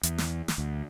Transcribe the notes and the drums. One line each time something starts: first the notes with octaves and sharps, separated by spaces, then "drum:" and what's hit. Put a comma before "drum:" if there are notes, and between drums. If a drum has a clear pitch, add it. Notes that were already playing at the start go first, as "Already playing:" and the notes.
E2, drum: hi-hat
drum: snare
drum: snare
D2